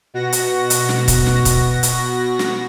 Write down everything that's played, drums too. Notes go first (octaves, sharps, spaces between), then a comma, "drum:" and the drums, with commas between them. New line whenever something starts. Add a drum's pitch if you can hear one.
B2 F#4 A#6
drum: hi-hat
drum: hi-hat
drum: snare
drum: kick, hi-hat
drum: snare
drum: kick, hi-hat
drum: hi-hat
drum: snare